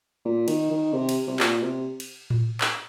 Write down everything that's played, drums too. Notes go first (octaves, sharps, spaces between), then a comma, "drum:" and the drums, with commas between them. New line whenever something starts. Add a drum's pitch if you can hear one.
A#2
D#3, drum: cymbal
D#3
C3
drum: cymbal
C3
A#2, drum: clap
C3
drum: cymbal
drum: tom A2
drum: clap